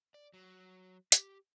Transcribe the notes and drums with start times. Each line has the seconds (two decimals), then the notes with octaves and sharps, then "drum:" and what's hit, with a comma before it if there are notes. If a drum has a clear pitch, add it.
0.14 D5
0.34 F#3
1.12 G4, drum: hi-hat